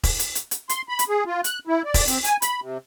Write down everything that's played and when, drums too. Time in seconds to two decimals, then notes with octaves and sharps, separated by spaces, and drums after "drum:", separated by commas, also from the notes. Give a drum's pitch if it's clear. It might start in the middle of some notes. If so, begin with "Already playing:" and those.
0.04 drum: kick E1, open hi-hat
0.19 drum: hi-hat
0.35 drum: hi-hat
0.51 drum: hi-hat
0.69 C6, drum: hi-hat
0.89 B5
0.99 drum: hi-hat
1.09 G#4
1.27 F4
1.44 F#6, drum: hi-hat
1.67 E4
1.85 D5
1.94 drum: kick E1, open hi-hat
2.08 C4, drum: hi-hat
2.24 G#5, drum: hi-hat
2.42 B5, drum: hi-hat
2.62 C3